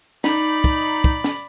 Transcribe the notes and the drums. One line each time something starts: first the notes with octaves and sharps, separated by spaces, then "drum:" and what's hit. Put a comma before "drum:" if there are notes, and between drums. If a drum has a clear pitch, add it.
D#4 D5 B5, drum: snare
drum: kick
drum: kick
drum: snare